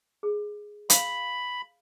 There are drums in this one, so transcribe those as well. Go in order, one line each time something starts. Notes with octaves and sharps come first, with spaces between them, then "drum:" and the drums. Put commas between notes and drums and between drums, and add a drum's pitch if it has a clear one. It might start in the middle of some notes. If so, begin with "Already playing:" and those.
G#4
F5 B5, drum: hi-hat